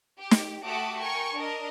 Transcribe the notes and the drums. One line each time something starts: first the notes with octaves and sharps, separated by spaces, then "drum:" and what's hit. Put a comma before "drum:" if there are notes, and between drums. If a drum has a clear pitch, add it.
G4
drum: snare
A3 F#4 G4 F#5 D6 D#6
A#4 G5 G#5 C#6
D4 A#4 D#5